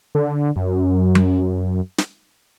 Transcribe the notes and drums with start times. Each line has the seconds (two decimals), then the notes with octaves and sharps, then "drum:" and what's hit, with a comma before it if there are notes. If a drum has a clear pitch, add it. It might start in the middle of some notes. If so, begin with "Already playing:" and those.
0.15 D3
0.56 F#2
1.15 drum: tom F#3
1.98 drum: snare